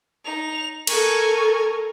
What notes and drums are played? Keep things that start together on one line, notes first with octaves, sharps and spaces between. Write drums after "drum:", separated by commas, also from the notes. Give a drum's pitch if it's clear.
D#4 F7
A4 A#4 G#5 C#6, drum: cymbal